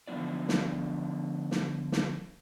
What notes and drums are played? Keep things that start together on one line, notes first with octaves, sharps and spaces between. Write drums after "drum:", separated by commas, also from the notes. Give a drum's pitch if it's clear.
D3 F3 B3 D#4 D5
drum: snare
drum: snare
drum: snare